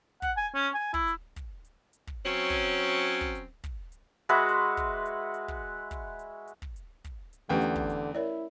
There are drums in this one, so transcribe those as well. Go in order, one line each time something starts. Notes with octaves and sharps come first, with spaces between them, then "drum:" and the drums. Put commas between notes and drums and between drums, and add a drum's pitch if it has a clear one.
F#5, drum: kick, hi-hat
G#5
C#4
G#5
E4, drum: kick
drum: hi-hat
drum: kick, hi-hat
drum: hi-hat
drum: hi-hat
drum: kick
F#3 C4 C#4
drum: kick, hi-hat
drum: hi-hat
drum: hi-hat
drum: kick
drum: hi-hat
drum: kick, hi-hat
drum: hi-hat
G#3 F#4 B4 E5
drum: hi-hat
drum: kick, hi-hat
drum: hi-hat
drum: hi-hat
drum: kick
drum: kick, hi-hat
drum: hi-hat
drum: hi-hat
drum: kick
drum: hi-hat
drum: kick, hi-hat
drum: hi-hat
E2 D3 A3 C#4 G4 G5
drum: hi-hat
drum: kick
drum: hi-hat
E4 A#4 C#5 D5